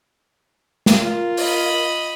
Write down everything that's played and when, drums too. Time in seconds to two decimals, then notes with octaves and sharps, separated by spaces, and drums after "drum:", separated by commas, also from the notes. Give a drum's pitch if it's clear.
0.86 drum: snare
0.97 F4 A#4
1.37 D#5 B5, drum: open hi-hat